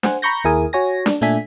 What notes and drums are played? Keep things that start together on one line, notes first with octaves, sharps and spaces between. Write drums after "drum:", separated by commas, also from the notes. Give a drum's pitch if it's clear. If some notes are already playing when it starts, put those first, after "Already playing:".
C5 F#5 G#5, drum: snare D4
A#5 B5 C#6 G6 A#6
D#2 E4 G#4 A#4 G#5 D#6
F#4 C#5 G#5 A#6
D4, drum: snare D4
A#2 A3 D4 E5 G#5 B6